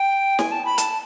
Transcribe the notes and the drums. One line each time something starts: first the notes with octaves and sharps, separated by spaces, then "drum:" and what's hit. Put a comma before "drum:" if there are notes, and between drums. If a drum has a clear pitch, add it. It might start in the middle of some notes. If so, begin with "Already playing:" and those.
Already playing: G5
G#5, drum: snare
A5
B5
A5, drum: hi-hat